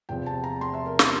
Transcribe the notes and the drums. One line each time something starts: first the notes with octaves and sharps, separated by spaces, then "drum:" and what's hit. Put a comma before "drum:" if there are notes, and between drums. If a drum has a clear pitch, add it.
E2 C3 F3 G5
A5
A#5
C6
E5
A#4
G4, drum: snare